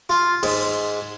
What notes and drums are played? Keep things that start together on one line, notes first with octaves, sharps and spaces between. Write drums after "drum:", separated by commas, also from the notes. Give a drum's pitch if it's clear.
F4
G#2, drum: cymbal